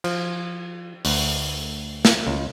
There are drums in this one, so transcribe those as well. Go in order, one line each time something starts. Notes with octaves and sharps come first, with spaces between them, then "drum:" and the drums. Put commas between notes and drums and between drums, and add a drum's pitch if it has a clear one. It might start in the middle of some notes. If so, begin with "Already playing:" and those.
F3, drum: cymbal
D2, drum: open hi-hat
drum: snare
C#2